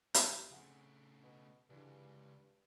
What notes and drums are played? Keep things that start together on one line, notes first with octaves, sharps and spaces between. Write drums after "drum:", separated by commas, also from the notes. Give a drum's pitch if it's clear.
D2 F3 A#3, drum: hi-hat
C#3 A3 C4 G#4 F#5
B2
C#2 G2 D3 E3 G#3